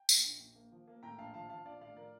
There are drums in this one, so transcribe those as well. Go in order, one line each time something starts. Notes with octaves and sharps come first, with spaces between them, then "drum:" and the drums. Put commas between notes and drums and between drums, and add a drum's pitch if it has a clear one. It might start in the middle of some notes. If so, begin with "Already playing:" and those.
Already playing: G5
A#3, drum: tambourine
A#1
A#1
A#3
F3
A#3
A2 G5 A#5
A#1 F5 A5
F3 F5 A5
F3 F5 A5
A#1 D5 F5
A2 D5 F5
F3 A#4 D5